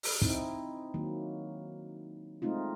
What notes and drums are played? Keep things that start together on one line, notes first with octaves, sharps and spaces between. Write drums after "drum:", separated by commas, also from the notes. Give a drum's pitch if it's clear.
drum: open hi-hat
C4 D#4 E4, drum: kick
D#3 F#3 A#3
G#3 A3 C4 D#4 F4